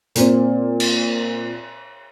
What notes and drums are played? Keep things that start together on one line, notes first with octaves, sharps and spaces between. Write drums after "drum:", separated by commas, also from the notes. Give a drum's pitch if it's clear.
A#2 A#3 C4, drum: hi-hat
drum: cymbal